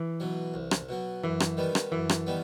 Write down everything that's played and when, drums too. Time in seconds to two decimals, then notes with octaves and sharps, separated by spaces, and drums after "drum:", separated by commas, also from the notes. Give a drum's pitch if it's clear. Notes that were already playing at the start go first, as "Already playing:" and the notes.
Already playing: E3
0.20 B2 F#3
0.54 C2
0.71 drum: rim click
0.89 B2 F#3
1.24 F#2 E3
1.40 drum: rim click
1.57 D#3 G3 B3
1.75 drum: rim click
1.92 F#2 E3
2.09 drum: rim click
2.27 D#3 G3 B3